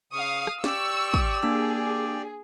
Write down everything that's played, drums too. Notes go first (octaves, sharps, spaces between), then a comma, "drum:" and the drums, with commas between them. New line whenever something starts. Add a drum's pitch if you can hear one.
C#3 F5 C#6 D#6
drum: rim click
G4 D5 C#6 E6, drum: snare
drum: kick
A#3 D4 G#4 E6